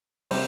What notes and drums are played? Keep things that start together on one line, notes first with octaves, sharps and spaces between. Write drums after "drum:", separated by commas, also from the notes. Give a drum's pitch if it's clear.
C3 G3 C4, drum: open hi-hat